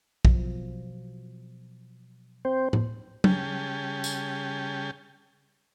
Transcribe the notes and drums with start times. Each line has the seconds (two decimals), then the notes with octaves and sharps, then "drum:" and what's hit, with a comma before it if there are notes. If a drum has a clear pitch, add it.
0.25 B2 F3 F#3, drum: kick
2.45 C4 C5
2.73 drum: tom A2
3.24 C#3 G3 C#4 G#4 G5 A5, drum: tom F#3
4.04 drum: tambourine